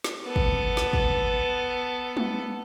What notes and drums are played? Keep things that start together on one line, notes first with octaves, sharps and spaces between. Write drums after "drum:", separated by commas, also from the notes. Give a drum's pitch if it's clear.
drum: snare
B3 A4
drum: kick
drum: snare
drum: kick
drum: tom